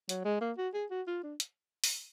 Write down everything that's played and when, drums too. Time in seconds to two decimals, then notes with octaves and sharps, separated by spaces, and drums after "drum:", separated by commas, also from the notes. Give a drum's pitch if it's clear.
0.09 F#3, drum: hi-hat
0.25 G#3
0.41 A#3
0.58 F#4
0.74 G#4
0.91 F#4
1.08 F4
1.23 D4
1.40 drum: hi-hat
1.84 drum: open hi-hat